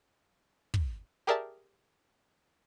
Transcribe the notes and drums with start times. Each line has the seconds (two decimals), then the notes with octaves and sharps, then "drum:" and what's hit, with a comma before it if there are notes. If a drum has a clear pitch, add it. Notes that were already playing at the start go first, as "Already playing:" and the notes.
0.74 drum: kick
1.27 G4 G#4 A#4 D5 E5 A5